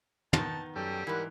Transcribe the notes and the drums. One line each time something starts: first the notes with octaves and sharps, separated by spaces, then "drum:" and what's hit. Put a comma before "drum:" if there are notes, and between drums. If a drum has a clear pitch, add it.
D#3 B3 D#4 A5, drum: tom
F#2 G3 A4 G5
G#2 E3 A#4 F#5